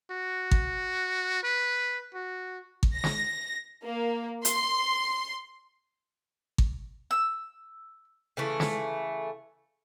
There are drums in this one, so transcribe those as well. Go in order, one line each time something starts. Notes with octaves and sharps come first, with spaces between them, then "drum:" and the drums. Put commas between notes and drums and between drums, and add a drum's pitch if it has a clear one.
F#4
drum: kick G#1
B4
F#4
drum: kick G#1
A#6
drum: snare
A#3
C6, drum: hi-hat
drum: kick G#1
E6
C#3 E3 A3
drum: snare